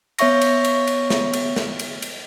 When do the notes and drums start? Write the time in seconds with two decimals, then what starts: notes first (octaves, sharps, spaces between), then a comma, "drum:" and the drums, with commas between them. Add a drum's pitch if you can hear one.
0.18 B3 C#5 E5 C#6 A#6, drum: cymbal
0.41 drum: cymbal
0.64 drum: cymbal
0.87 drum: cymbal
1.10 drum: snare
1.33 drum: cymbal
1.56 drum: snare
1.79 drum: cymbal
2.02 drum: cymbal